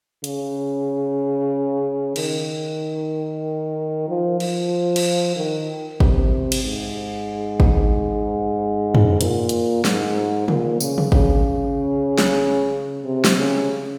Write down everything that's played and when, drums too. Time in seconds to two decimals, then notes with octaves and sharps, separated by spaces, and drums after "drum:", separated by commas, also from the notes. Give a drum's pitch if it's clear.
0.24 C#3, drum: hi-hat
2.16 D#3, drum: cymbal
4.08 F3
4.40 F3, drum: cymbal
4.96 drum: cymbal
5.36 D#3
6.00 C3, drum: kick G#1
6.52 drum: cymbal
6.64 G#2
7.60 drum: kick G#1
8.95 drum: tom
9.21 A#2, drum: hi-hat
9.49 drum: hi-hat
9.85 G#2, drum: snare
10.48 A#2, drum: tom
10.81 C#3, drum: tambourine
10.98 drum: tom
11.12 C#3, drum: kick G#1
12.18 drum: snare
13.04 C3
13.25 drum: snare
13.36 C#3